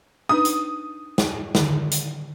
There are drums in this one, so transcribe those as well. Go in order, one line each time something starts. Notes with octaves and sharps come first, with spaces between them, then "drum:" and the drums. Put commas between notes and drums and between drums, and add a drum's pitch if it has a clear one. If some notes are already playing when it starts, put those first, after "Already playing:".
D4 D#4 B4 D#6
drum: hi-hat
drum: snare
D3 D#3, drum: snare
drum: hi-hat